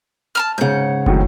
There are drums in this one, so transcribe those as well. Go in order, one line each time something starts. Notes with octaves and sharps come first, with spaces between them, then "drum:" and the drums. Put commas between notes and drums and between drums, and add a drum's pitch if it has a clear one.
A5 A#5 F6
G#2 C#3 F#5 G6
A2 D#3 F#3, drum: kick